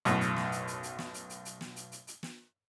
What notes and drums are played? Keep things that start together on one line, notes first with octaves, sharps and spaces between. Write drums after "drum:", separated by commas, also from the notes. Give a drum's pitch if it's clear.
B1 F#2 A2, drum: hi-hat
drum: hi-hat
drum: snare
drum: hi-hat
drum: hi-hat
drum: hi-hat
drum: snare
drum: hi-hat
drum: hi-hat
drum: hi-hat
drum: snare
drum: hi-hat
drum: hi-hat
drum: hi-hat
drum: snare